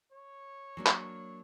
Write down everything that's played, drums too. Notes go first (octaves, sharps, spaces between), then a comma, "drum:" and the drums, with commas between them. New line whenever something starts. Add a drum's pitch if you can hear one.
C#5
F#3 A#3 D4
drum: clap